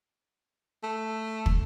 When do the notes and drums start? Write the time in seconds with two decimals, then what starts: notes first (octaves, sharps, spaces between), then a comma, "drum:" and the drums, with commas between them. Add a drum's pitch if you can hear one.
0.83 A3
1.46 drum: kick